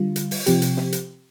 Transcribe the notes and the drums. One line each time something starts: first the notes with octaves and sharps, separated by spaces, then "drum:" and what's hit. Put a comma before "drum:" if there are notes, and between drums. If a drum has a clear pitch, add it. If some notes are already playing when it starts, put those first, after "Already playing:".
Already playing: D3 G3 F4
drum: hi-hat
drum: open hi-hat
C3 F3 C4 G4, drum: hi-hat
drum: hi-hat
drum: snare
drum: hi-hat